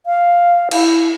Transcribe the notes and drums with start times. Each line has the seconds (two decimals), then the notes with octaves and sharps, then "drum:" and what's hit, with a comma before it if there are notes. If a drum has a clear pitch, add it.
0.06 F5
0.71 E4, drum: cymbal